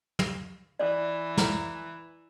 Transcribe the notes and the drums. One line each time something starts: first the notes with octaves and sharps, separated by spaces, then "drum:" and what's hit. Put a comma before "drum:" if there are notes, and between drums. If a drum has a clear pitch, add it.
drum: tom
E3 D5
E4, drum: snare